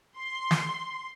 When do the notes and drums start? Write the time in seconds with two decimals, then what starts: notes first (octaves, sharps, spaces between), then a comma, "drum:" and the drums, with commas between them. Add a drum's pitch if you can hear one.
0.17 C6
0.51 drum: snare